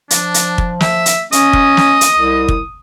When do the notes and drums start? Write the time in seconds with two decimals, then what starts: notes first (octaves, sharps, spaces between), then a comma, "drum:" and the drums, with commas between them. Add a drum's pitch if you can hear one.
0.10 F3 D4, drum: hi-hat
0.34 drum: hi-hat
0.58 drum: kick
0.80 E5, drum: snare
1.06 drum: hi-hat
1.32 C#4 D#5 D#6, drum: hi-hat
1.53 drum: kick
1.77 drum: snare
2.01 drum: hi-hat
2.17 C2
2.48 drum: kick